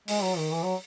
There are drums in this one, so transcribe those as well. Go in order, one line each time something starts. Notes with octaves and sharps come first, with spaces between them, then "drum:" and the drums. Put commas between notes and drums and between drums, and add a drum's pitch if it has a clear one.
G#3, drum: open hi-hat
F#3
D#3
E3
F#3